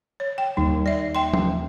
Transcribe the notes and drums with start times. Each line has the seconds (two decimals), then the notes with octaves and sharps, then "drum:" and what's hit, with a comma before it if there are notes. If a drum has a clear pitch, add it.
0.20 C#5
0.38 G5
0.57 D#2 G3 D#4
0.86 D5 E5
1.15 E5 G5 C6
1.33 drum: tom F3